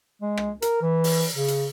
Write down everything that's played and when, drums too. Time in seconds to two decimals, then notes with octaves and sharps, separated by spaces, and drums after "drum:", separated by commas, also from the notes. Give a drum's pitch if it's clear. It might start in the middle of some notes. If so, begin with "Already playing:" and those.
0.22 G#3
0.37 drum: rim click
0.62 A#4, drum: hi-hat
0.82 E3
1.04 drum: open hi-hat
1.35 C#3
1.48 drum: hi-hat